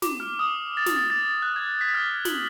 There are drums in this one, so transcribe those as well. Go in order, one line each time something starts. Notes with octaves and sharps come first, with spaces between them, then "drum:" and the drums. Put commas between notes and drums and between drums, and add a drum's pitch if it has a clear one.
D6, drum: snare
F6
D#6
A6
drum: snare
A6
A6
F#6
G#6
B6
F6
F#7, drum: snare